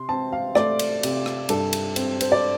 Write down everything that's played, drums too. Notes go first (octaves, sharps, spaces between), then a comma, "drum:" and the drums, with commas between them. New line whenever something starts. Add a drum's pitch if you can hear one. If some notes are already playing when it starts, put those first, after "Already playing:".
Already playing: C3 C6
C4 A5
F5
A3 D5, drum: rim click
drum: cymbal
C3, drum: cymbal
drum: rim click
G2 A4, drum: cymbal
drum: cymbal
C4, drum: cymbal
C5, drum: cymbal
D5